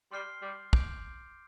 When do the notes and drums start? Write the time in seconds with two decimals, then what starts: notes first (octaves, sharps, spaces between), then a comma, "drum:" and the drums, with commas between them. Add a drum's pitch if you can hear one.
0.11 G3 C6 F6 C7 G7
0.42 G3
0.73 D6 G6 D7, drum: kick